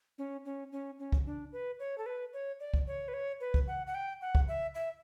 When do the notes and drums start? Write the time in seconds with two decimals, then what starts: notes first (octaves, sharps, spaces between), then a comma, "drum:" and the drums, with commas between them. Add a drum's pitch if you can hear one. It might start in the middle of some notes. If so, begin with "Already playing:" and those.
0.18 C#4
0.45 C#4
0.72 C#4
0.99 C#4
1.12 drum: kick
1.26 D4
1.53 B4
1.80 C#5
1.98 A4
2.06 B4
2.33 C#5
2.60 D5
2.74 drum: kick
2.87 C#5
3.08 B4
3.14 C#5
3.40 B4
3.54 drum: kick
3.68 F#5
3.87 F#5
3.95 G5
4.21 F#5
4.35 drum: kick
4.48 E5
4.75 E5